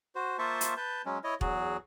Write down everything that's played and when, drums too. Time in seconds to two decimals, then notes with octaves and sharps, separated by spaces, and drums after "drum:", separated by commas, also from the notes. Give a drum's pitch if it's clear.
0.15 F#4 C5
0.39 A#3 F4 C5 E5 A5 C#6
0.61 drum: hi-hat
0.77 B4 A5 G6
1.06 F#3 G#3 C#4
1.24 E4 C#5 D#5
1.41 E2 F#3 F#4 G#4, drum: kick E1